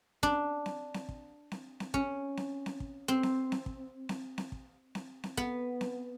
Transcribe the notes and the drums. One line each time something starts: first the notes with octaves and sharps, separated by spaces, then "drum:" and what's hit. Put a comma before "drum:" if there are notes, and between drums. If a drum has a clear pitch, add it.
D4, drum: kick
drum: snare C4
drum: snare C4
drum: kick
drum: snare C4
drum: snare C4
C#4, drum: kick
drum: snare C4
drum: snare C4
drum: kick
C4
drum: snare C4
drum: snare C4
drum: kick
drum: snare C4
drum: snare C4
drum: kick
drum: snare C4
drum: snare C4
B3, drum: kick
drum: snare C4